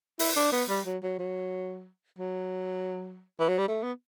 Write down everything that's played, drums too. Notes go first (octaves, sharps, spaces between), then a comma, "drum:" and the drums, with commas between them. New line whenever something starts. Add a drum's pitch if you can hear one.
E4, drum: open hi-hat
D4
B3
G3
F#3
F#3
F#3
F#3
E3
F#3
G3
A3
B3